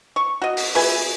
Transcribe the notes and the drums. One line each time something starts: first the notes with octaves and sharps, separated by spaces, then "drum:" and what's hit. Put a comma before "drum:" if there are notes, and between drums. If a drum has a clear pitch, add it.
C#6
F#4 D#5
drum: open hi-hat
G#4 B4 E5 G#5, drum: open hi-hat